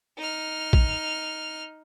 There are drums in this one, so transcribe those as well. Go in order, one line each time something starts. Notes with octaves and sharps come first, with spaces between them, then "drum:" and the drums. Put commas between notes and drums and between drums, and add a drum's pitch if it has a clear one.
D#4 F6
drum: kick